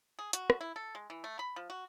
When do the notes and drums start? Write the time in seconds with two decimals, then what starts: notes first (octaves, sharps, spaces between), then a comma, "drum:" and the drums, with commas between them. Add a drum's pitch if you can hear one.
0.19 G#4
0.33 F#4, drum: hi-hat
0.50 drum: rim click
0.61 E4
0.76 A4
0.95 G#3
1.10 E3
1.24 A3
1.39 B5
1.56 F3
1.70 F#4